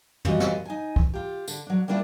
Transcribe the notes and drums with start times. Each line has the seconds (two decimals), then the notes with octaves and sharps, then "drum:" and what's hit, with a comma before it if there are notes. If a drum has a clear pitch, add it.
0.25 A#2 G3 F4 F#4 A4 D#5, drum: tom
0.40 drum: snare
0.65 D#4 G#5
0.96 drum: kick
1.13 F4 G4
1.48 D3, drum: tambourine
1.67 F#3 D4
1.88 G3 A#3 D4 E4 F4